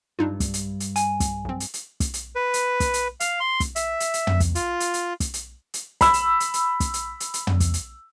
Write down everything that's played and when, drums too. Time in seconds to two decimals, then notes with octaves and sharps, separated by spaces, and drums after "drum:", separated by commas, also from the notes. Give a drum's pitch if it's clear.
0.19 G2 D4 D#4 F4
0.40 drum: kick, hi-hat
0.54 drum: hi-hat
0.80 drum: hi-hat
0.96 G#5, drum: hi-hat
1.20 drum: kick, hi-hat
1.45 B1 C4
1.60 drum: hi-hat
1.74 drum: hi-hat
2.00 drum: kick, hi-hat
2.14 drum: hi-hat
2.35 B4
2.54 drum: hi-hat
2.80 drum: kick, hi-hat
2.94 drum: hi-hat
3.20 F5, drum: hi-hat
3.40 C6
3.60 drum: kick, hi-hat
3.76 E5, drum: hi-hat
4.00 drum: hi-hat
4.14 drum: hi-hat
4.27 drum: tom
4.40 drum: kick, hi-hat
4.55 F4, drum: hi-hat
4.80 drum: hi-hat
4.94 drum: hi-hat
5.20 drum: kick, hi-hat
5.34 drum: hi-hat
5.74 drum: hi-hat
6.01 B5 E6, drum: kick, hi-hat
6.14 drum: hi-hat
6.40 drum: hi-hat
6.54 drum: hi-hat
6.80 drum: kick, hi-hat
6.94 drum: hi-hat
7.20 drum: hi-hat
7.34 drum: hi-hat
7.47 drum: tom
7.60 drum: kick, hi-hat
7.74 drum: hi-hat